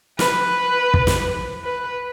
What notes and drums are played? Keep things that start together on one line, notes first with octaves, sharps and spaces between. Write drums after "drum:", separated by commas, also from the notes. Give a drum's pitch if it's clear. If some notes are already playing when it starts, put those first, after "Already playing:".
B4, drum: snare
drum: kick
drum: snare
B4